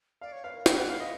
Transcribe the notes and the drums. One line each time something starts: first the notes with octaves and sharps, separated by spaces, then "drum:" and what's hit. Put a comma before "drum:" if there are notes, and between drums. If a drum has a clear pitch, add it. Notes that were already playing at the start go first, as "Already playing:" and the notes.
D5 F5
C#5
B4 F5
A#4
B4 G5, drum: snare
F#5
F5
D#5